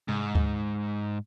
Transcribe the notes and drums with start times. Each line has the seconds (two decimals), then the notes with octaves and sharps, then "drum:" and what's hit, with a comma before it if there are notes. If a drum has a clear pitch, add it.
0.08 G#2, drum: tom C3
0.35 drum: kick D2